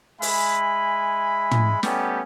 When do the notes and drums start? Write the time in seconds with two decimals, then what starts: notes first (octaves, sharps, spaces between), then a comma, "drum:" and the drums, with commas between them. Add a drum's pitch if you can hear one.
0.22 G#3 E5 G#5 B5, drum: open hi-hat
1.51 drum: tom
1.83 G3 A3 B3 C#4 G4, drum: snare